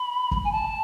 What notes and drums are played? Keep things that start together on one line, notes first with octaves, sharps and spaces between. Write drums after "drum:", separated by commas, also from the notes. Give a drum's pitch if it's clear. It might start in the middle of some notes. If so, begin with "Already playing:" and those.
Already playing: B5
drum: kick
G#5
A5